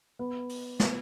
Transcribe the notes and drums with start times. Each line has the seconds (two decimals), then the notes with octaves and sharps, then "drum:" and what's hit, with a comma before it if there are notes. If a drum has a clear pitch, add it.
0.19 B3
0.49 drum: open hi-hat
0.80 B3, drum: snare